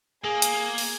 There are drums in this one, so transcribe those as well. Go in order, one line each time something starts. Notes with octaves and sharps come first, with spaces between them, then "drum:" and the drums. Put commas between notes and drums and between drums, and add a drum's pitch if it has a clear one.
A#3 G#4 G#5
drum: hi-hat
drum: open hi-hat